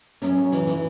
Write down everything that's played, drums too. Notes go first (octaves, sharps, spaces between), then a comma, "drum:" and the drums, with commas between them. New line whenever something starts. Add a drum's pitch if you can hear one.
F#2 C#4, drum: hi-hat
F#2
E3, drum: hi-hat
E3, drum: hi-hat